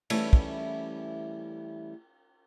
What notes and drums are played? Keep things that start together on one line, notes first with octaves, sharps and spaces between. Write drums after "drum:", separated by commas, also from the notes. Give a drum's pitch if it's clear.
E3 G3 A3 C#4 E4, drum: cymbal
drum: kick